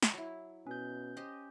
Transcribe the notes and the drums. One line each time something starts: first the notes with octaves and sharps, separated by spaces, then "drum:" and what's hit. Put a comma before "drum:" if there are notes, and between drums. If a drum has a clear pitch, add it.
drum: snare
F#3 E4
B2 C#4 G6
G4 C5 D#5